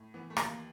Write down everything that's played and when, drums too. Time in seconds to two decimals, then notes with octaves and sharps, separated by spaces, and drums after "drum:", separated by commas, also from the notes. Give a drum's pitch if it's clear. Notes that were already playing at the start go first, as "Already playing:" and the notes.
Already playing: A2
0.14 E3 B3
0.30 A3
0.37 D#2 A#3, drum: rim click